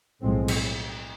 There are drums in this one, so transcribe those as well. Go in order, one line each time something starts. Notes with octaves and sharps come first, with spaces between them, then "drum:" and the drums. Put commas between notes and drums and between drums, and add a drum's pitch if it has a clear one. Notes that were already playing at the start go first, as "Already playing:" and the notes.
B1 A2 F3 G#3 C4
drum: cymbal